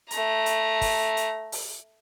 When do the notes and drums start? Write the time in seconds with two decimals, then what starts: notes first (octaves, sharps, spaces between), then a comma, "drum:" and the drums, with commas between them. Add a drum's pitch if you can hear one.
0.11 A3 A#5, drum: hi-hat
0.46 drum: hi-hat
0.81 drum: kick, open hi-hat
1.17 drum: hi-hat
1.52 drum: open hi-hat